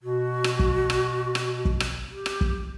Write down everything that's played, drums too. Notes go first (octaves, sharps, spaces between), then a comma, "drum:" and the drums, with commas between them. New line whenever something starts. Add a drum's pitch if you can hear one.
B2 F#4
drum: rim click
drum: kick
drum: rim click
drum: rim click
drum: kick
drum: rim click
G4
drum: rim click
drum: kick